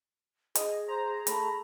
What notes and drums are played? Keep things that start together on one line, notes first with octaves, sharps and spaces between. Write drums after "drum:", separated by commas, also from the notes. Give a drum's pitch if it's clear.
G#4 D#5, drum: hi-hat
C5 A#5
A3 B5, drum: hi-hat